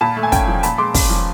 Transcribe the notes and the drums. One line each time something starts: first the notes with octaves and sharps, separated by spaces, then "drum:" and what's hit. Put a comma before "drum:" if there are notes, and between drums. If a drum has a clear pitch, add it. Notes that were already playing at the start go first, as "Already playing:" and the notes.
A#2 A5 B5
A3
G#5
C#4 G5, drum: kick, hi-hat
F3
A#2 A5 B5, drum: hi-hat
G#3 C6 D6
C#4, drum: kick, open hi-hat
F3